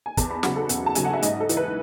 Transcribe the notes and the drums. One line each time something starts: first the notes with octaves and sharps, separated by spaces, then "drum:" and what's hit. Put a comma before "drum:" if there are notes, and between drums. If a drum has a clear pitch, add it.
G#5
E2 A5, drum: kick, hi-hat
B5
C#3 F#3 F#5, drum: snare
A4
E2, drum: hi-hat
A5
C#3 F#3 G#5, drum: hi-hat
F#5
E5
G#2 D#5, drum: hi-hat
A4
E3, drum: hi-hat
B4